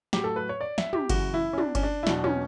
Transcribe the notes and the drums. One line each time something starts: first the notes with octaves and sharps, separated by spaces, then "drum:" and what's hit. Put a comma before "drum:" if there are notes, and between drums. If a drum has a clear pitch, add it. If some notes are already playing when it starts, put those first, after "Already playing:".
A2 F#3 G4, drum: snare
A4
B4
C#5
D5
E5, drum: snare
G4, drum: tom
F#2 C#3 E3 F#4, drum: kick G1, cymbal
E4
C#4
D4, drum: tom
C#4, drum: kick G1, cymbal
D4
E4
E2 B2 F#3 D4, drum: snare
C#4, drum: tom